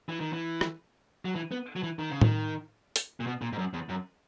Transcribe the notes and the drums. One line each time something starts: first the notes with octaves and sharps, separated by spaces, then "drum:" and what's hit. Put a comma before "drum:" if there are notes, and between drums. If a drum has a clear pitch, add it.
E3
D#3
E3
drum: rim click
F#3
E3
B3
F#3
E3
D#3
C#3
D#3, drum: tom A2
drum: hi-hat
A#2
B2
A#2
G#2
F#2
E2
F#2